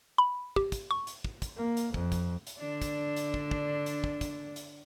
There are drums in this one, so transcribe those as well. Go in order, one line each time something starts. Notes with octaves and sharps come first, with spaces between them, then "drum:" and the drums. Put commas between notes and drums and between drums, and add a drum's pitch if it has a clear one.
B5
G4, drum: kick
drum: kick, hi-hat
C#6
drum: hi-hat
drum: kick
drum: kick, hi-hat
A#3
drum: hi-hat
F2, drum: kick
drum: kick, hi-hat
drum: hi-hat
D3 D4
drum: kick, hi-hat
drum: hi-hat
drum: kick
drum: kick
drum: hi-hat
drum: kick
drum: kick, hi-hat
drum: hi-hat